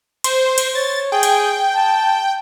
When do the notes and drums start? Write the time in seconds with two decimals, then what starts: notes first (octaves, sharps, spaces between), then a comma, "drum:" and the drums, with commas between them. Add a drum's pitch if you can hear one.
0.24 C5, drum: cymbal
0.58 drum: cymbal
0.75 C#5 A6
1.12 G#4 G5
1.23 drum: cymbal
1.75 A5